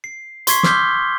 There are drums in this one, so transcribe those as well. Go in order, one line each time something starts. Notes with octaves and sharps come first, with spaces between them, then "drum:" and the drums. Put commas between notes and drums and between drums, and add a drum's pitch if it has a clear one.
C7
C6 C#6 G#6 B6 C7, drum: hi-hat
D6 E6 F6 G6 B6 G7, drum: snare